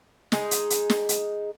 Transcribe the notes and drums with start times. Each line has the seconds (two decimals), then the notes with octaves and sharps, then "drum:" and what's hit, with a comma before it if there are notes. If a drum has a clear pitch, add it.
0.32 G#3 D#4 G#4, drum: snare
0.51 drum: hi-hat
0.70 drum: hi-hat
0.90 drum: snare
1.09 drum: hi-hat